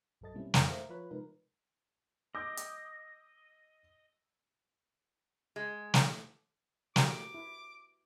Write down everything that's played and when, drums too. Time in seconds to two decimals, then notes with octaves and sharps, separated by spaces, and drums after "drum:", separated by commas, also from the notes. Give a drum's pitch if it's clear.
0.21 B1 G2 F#3 A4 D#5 A6
0.34 B2 G3 A#3 C4 C#4 E4
0.54 F2, drum: snare
0.68 A#4 C5 E5 F5 A#5
0.89 F3 F4 B4 C#5 B5 F#6
1.11 C3 F3 G#3 D#4 A#4 B4
2.35 D#5 D6 E6 G6
2.57 drum: hi-hat
5.56 G#3
5.94 drum: snare
6.96 F#4 G4 A#4 D6, drum: snare
7.34 E4